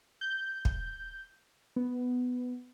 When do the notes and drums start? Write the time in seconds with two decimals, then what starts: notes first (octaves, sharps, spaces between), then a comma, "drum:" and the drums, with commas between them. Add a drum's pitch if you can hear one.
0.21 G6
0.65 drum: kick
1.76 B3